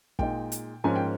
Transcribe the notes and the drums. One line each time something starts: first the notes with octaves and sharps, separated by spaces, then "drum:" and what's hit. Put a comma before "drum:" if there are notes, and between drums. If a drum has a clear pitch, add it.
A#2 G#3 D#4 G5, drum: kick
drum: hi-hat
G#2 F3 A#3 C#4 G#5
G5